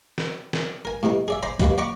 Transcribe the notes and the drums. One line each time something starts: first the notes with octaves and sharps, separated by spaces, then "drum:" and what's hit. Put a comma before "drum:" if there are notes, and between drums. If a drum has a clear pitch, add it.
drum: snare
drum: snare
A#4 G#5
A2 C3 B3 D#4
G#4 D5 E5
C5 D5 G#5 A#5 B5
D#3 F#3 G3 A#3 B4, drum: kick C2, hi-hat
D5 F#5 A#5 B5 C#6 D6